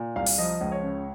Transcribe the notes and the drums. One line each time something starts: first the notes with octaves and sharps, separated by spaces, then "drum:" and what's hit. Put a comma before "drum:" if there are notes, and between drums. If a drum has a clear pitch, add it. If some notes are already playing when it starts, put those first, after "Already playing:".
Already playing: A#2
C2 F5
drum: open hi-hat
F3 D#5
C#2
C#5
C#3